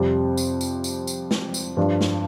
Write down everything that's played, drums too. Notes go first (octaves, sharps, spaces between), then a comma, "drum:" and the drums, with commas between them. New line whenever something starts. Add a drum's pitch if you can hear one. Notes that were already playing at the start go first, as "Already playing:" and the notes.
Already playing: F2 C3 G3
drum: tambourine
drum: tambourine
drum: tambourine
drum: tambourine
drum: snare
drum: tambourine
G2 F3 D4
drum: snare